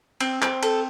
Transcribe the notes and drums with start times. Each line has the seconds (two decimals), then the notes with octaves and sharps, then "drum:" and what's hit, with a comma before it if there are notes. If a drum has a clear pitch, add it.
0.21 C4, drum: cymbal
0.42 C4, drum: clap
0.63 A4, drum: cymbal